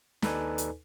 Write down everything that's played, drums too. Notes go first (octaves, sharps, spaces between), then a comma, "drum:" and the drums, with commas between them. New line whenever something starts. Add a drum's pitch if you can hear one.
D#2 D#4 A4 B4 D5 G#5, drum: snare
drum: hi-hat